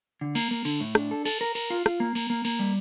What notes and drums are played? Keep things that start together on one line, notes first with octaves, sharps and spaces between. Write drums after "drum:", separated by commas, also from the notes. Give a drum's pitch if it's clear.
D3
A#3, drum: cymbal
A#3
D3, drum: cymbal
A2
D4, drum: rim click
A4
A4, drum: cymbal
A#4
A#4, drum: cymbal
F4
F4, drum: rim click
A#3
A#3, drum: cymbal
A#3
A#3, drum: cymbal
G3